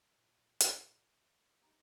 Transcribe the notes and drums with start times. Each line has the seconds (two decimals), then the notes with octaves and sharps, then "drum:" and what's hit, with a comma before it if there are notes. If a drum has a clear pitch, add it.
0.04 A#2
0.60 drum: hi-hat
1.61 D#4 G4